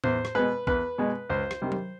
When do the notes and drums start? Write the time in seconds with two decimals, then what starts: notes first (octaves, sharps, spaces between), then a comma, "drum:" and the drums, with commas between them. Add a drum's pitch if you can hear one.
0.04 E2 C5, drum: tom A2
0.25 drum: rim click
0.35 B2 G#3 B4
0.67 E2 B4, drum: kick
0.98 B2 G#3
1.30 C#2 C5
1.51 drum: rim click
1.62 C3 D#3 G3
1.72 drum: tom F#3